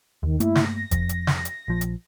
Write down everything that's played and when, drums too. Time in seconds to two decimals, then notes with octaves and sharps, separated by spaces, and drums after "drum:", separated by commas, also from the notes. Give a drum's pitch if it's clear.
0.23 D#2 D#3
0.40 G2 A3 A#3 E4, drum: hi-hat
0.55 drum: snare
0.65 A#6
0.91 F2, drum: kick, hi-hat
1.09 drum: hi-hat
1.27 drum: snare
1.45 drum: hi-hat
1.68 A#1 F3
1.81 drum: hi-hat